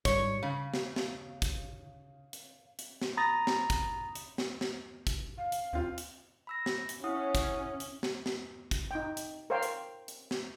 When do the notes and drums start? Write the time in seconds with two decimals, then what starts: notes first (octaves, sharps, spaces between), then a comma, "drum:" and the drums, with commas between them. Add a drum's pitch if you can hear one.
0.05 G#2 G3 C#5, drum: kick, hi-hat
0.43 C#3 F5
0.74 drum: snare
0.96 drum: snare
1.42 drum: kick, hi-hat
2.33 drum: hi-hat
2.79 drum: hi-hat
3.02 drum: snare
3.17 A#5 B5 D#6 A6 A#6
3.47 drum: snare
3.70 drum: kick, hi-hat
4.15 drum: hi-hat
4.38 drum: snare
4.61 drum: snare
5.07 drum: kick, hi-hat
5.38 F5
5.52 drum: hi-hat
5.73 D#2 C4 F4
5.98 drum: hi-hat
6.47 B5 E6 A#6
6.66 drum: snare
6.89 drum: hi-hat
7.04 C#4 E4 F#5 D#6
7.35 drum: kick, hi-hat
7.80 drum: hi-hat
8.03 drum: snare
8.26 drum: snare
8.71 drum: kick, hi-hat
8.91 D#4 G5
9.17 drum: hi-hat
9.50 A#4 C5 C#5 F5 G5
9.63 drum: hi-hat
10.08 drum: hi-hat
10.31 drum: snare